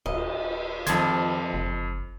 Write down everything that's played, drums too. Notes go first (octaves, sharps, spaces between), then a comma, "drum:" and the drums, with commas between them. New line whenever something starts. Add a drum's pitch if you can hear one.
D#1 D#5, drum: cymbal
F2 D#3 C5 D#5 A5 G#6, drum: hi-hat
F#1